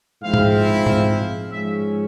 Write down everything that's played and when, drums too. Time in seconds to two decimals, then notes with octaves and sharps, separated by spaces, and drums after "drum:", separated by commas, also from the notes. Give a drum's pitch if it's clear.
0.22 G#2 F3 G#3 C4 E4 F5
0.34 drum: tom G#2
0.87 F5, drum: tom G#2
1.19 F5
1.51 G#2 F3 G#3 C#4 E5